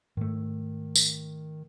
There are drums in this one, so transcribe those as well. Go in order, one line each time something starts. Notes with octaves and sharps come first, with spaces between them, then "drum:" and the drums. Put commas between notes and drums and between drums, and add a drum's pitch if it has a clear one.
G#2 D#3 A3
drum: tambourine